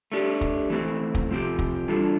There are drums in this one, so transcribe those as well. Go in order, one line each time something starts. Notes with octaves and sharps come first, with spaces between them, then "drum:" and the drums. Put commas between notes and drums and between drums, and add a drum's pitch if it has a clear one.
A3 D4 G4
drum: kick
E3 A3 C4
drum: kick
C3 F3 C4 G4
drum: kick
E3 G3 D4 F4 A4